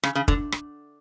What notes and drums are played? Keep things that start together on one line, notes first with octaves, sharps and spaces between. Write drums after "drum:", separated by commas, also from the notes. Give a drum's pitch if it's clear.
C#3, drum: rim click
C#3
D3, drum: kick
drum: rim click